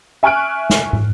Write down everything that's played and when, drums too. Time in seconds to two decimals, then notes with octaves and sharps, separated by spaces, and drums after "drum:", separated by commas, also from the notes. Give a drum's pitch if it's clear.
0.23 E5 G#5 C#6 F6 F#6 D7
0.70 drum: snare
0.93 drum: tom